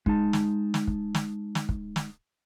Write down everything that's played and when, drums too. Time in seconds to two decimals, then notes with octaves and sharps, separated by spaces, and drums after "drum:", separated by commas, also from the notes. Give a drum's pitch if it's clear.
0.06 G#3 D#4 A5, drum: kick
0.33 drum: snare
0.74 drum: snare
0.87 drum: kick
1.15 drum: snare
1.55 drum: snare
1.69 drum: kick
1.96 drum: snare